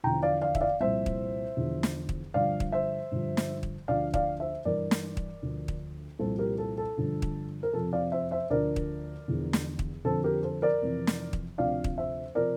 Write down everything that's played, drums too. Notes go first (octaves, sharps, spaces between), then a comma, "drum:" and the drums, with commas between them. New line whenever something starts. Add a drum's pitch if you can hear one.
E2 D3 F3 G5 A#5
D5 F5
D5 F5
E5, drum: kick
D5 F5
C2 A#2 F3 C5 E5
drum: kick
E2 D3 F3
drum: snare
drum: kick
G2 D3 F3 D5 F5
drum: kick
C5 E5
G2 D3 F3
drum: snare
drum: kick
D2 D3 F3 D5 F5
D5 F5, drum: kick
C5 E5
G2 E3 A#4 D5
drum: snare
drum: kick
D2 D3 F3
drum: kick
C2 A#2 F3 A4 C5
G4 A#4
A4
A4
G2 D3 F3
drum: kick
A#4
F2 C3 F3 A4
D5 F5
C5 E5
C5 E5
D2 D3 F3 A#4 D5
drum: kick
E2 D3 F3
drum: snare
drum: kick
F2 D3 F3 A4 C5
G4 A#4
A4 C5
A#4 D5
F2 C3 E3
drum: snare
drum: kick
D2 C3 F3 D5 F5
drum: kick
C5 E5
C3 F3 A#4 D5